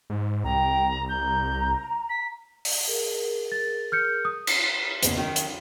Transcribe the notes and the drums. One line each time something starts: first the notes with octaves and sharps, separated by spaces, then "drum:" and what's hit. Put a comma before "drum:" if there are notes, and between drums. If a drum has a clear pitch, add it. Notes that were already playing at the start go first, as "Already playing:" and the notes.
G#2
C2 G5 A#5
A#5 G6
B6
drum: open hi-hat
G#4 A#4
A6
F6 G6 C#7
D#6
drum: cymbal
F#1 E2 C4 C#4, drum: hi-hat
F#2 D#3
drum: hi-hat